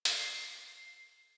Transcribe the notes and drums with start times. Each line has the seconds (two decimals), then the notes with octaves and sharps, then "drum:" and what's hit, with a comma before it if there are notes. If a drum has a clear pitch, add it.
0.05 C7, drum: hi-hat